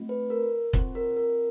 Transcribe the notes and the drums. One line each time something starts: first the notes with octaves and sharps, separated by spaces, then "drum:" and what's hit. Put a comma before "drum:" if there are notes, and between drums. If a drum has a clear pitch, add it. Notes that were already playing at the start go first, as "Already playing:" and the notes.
Already playing: A3 C4 F4
B4
A#4
C4 F4 A4 C5, drum: kick
A#4
A#4